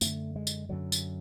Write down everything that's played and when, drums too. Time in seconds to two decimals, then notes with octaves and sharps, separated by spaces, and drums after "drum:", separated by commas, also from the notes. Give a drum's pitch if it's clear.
0.01 F#2 D3 A3, drum: tambourine
0.36 G#3
0.47 drum: tambourine
0.69 F#2 D3 F#3
0.92 drum: tambourine